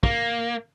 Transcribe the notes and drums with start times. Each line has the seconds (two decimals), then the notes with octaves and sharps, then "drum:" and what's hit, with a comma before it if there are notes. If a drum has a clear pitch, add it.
0.03 A#3, drum: kick